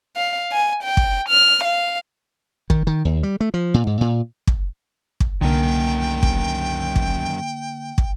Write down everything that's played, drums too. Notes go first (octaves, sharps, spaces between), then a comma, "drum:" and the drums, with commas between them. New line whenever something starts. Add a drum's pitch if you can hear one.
F5
G#5
G5
drum: kick
F6
F5
D#3, drum: kick
D#3
D#2
G3
A3
F3
A#2
G#2
A#2
drum: kick
drum: kick
C2 F#2 D3 D#3 A#3 G5
drum: kick
drum: kick
drum: kick